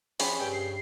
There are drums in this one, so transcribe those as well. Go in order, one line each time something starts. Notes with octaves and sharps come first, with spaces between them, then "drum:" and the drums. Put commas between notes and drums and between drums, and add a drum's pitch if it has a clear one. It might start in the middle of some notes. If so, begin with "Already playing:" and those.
F3 C#4 G4 G#4 B5, drum: open hi-hat
G2 C#3 G5
C7